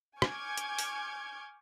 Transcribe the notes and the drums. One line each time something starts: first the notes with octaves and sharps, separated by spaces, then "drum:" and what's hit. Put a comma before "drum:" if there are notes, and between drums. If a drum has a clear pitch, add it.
G#5 C#6 D6 F6 G6 G#6, drum: rim click
drum: hi-hat
drum: open hi-hat